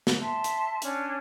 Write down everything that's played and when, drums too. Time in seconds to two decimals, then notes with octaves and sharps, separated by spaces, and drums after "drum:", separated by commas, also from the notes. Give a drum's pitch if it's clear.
0.07 drum: snare
0.20 E5 A5 C6
0.44 drum: hi-hat
0.82 C#4 D4, drum: hi-hat